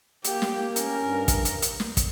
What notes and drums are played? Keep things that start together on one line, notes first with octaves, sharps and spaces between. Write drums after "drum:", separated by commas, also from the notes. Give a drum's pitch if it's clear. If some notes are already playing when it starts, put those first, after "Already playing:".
A#3 G4, drum: hi-hat
drum: snare
A#3
C#4 A#4, drum: hi-hat
G2
drum: kick, hi-hat
drum: hi-hat
drum: hi-hat
drum: snare
drum: kick, hi-hat